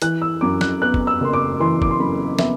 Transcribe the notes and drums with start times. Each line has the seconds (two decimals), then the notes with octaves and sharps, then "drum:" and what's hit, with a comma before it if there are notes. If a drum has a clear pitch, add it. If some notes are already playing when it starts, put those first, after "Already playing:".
0.02 E3 F#6, drum: hi-hat
0.22 E6
0.41 F#2 D6
0.61 F#6, drum: snare
0.82 B3 F#6
0.94 drum: kick
1.07 E6
1.21 F#1 C6
1.33 D6
1.60 E3 C6
1.82 D6, drum: kick
1.91 C6
2.00 F#2 B5
2.39 B3 E5, drum: snare